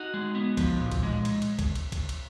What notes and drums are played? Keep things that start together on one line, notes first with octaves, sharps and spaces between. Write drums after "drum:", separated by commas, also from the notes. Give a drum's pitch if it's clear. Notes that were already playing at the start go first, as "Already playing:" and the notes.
Already playing: D#4 F#4
G#3
B3
F3, drum: kick C2, cymbal
A#2
drum: kick C2, cymbal
G#3
drum: cymbal
drum: cymbal
drum: kick C2, cymbal
drum: cymbal
drum: kick C2, cymbal
drum: cymbal